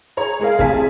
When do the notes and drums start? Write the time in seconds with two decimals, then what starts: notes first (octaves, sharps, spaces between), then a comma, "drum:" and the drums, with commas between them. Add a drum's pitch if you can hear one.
0.17 G#4 C#5 A#5
0.40 G#3 G#4 A#4 F5
0.59 A1 C3 G#4 G#5 A5 B6, drum: kick